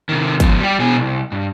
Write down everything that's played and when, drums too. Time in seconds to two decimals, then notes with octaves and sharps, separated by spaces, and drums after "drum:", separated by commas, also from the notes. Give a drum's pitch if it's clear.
0.09 C3 D#3
0.40 G#2 F3, drum: kick, hi-hat
0.59 G3 G4
0.79 B2 G#4
0.97 C2
1.32 G2